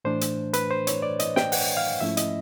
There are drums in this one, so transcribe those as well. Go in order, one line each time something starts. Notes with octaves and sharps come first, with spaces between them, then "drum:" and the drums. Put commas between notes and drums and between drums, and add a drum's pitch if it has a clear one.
A2 E3 A3 D4 C5
drum: hi-hat
B4, drum: hi-hat
C5
C#5, drum: hi-hat
D5
D#5, drum: hi-hat
G5, drum: snare
F#5, drum: open hi-hat
F5
G#2 F3 A3 C#4 E4 E5
D#5, drum: hi-hat